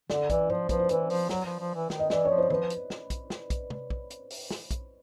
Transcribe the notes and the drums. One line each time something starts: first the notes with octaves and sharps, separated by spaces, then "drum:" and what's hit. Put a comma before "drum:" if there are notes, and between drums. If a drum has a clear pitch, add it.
D3 D5, drum: snare
E3 D5, drum: kick, hi-hat
F3 C5, drum: tom G#2
F3 B4, drum: kick, hi-hat
C5
E3 B4, drum: hi-hat
F3, drum: open hi-hat
F#3, drum: snare
F3
F3
E3
D#3, drum: snare
D#5
E3 D5, drum: snare
F3 C#5
C5
F3 B4, drum: tom D#3
drum: hi-hat
drum: snare
drum: kick, hi-hat
drum: snare
drum: kick, hi-hat
drum: tom
drum: kick
drum: hi-hat
drum: open hi-hat
drum: snare
drum: kick, hi-hat